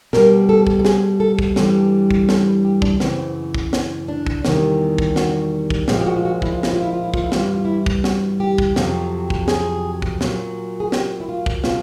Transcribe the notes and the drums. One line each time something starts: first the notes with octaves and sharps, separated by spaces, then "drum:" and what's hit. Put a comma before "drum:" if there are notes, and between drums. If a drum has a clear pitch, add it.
B2 G3 A#4, drum: snare
A4
drum: kick
A4
G#4, drum: snare
A4
drum: kick
G2 E3 G3 A4, drum: snare
drum: kick
A4, drum: snare
B4
G4
D4, drum: kick
F#2 C#3 E3 C4, drum: snare
drum: kick
C#4, drum: snare
D4
drum: kick
E2 C3 D#3 G3, drum: snare
drum: kick
F#4, drum: snare
drum: kick
A#2 F3 G#3 G4, drum: snare
G4
F#4
F4
F#4
E4, drum: kick
F4
E4, drum: snare
F4
E4
F4
E4
F4, drum: kick
E4
G2 E3 G3 F4, drum: snare
E4
F4
E4
drum: kick
F#4, drum: snare
G4
drum: kick
F2 C3 D#3 F#3, drum: snare
drum: kick
G#4, drum: snare
drum: kick
A#2 F#3, drum: snare
G#4
G4, drum: snare
E4
F4
drum: kick
B2 G#3 F4, drum: snare